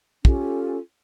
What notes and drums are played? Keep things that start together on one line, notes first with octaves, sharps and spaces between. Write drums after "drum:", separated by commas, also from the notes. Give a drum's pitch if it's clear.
C#4 F4 G4 A4, drum: kick